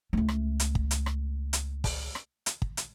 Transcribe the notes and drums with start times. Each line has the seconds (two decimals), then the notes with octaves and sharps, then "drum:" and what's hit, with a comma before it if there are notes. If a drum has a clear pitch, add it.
0.13 C#2 A3
0.28 drum: rim click
0.60 drum: hi-hat
0.75 drum: kick
0.91 drum: hi-hat
1.06 drum: rim click
1.53 drum: hi-hat
1.84 drum: kick, open hi-hat
2.15 drum: rim click
2.46 drum: hi-hat
2.62 drum: kick
2.77 drum: hi-hat